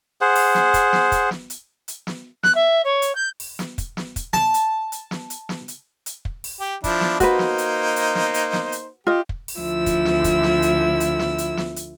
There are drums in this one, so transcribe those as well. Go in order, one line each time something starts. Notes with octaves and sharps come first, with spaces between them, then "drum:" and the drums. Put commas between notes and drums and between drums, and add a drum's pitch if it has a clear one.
G#4 C5 F#5
drum: open hi-hat
drum: snare
drum: kick, hi-hat
drum: snare
drum: kick, hi-hat
drum: snare
drum: hi-hat
drum: hi-hat
drum: snare
F#6, drum: snare
E5
C#5
drum: hi-hat
G6
drum: open hi-hat
drum: snare
drum: kick, hi-hat
drum: snare
drum: kick, hi-hat
A5, drum: snare
drum: hi-hat
drum: hi-hat
drum: snare
drum: hi-hat
drum: snare
drum: hi-hat
drum: hi-hat
drum: kick
drum: open hi-hat
G4
F3 D4 E4, drum: kick, hi-hat
drum: snare
A#3 D#4 F#4 B4 C5, drum: kick, hi-hat
drum: snare
drum: hi-hat
drum: hi-hat
drum: snare
drum: hi-hat
drum: snare
drum: hi-hat
F4 G4 D#5
drum: kick
drum: open hi-hat
D2 F3 E4 E6
drum: kick, hi-hat
drum: snare
drum: kick, hi-hat
drum: snare
drum: hi-hat
drum: hi-hat
drum: snare
drum: hi-hat
drum: snare
drum: hi-hat